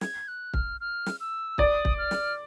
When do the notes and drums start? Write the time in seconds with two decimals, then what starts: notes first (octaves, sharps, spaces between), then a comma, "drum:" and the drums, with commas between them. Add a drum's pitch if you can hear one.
0.01 G#6, drum: snare
0.28 F#6
0.54 F6, drum: kick
0.80 F6
1.06 drum: snare
1.20 E6
1.58 D5 D#6, drum: kick
1.85 drum: kick
1.98 F6
2.11 drum: snare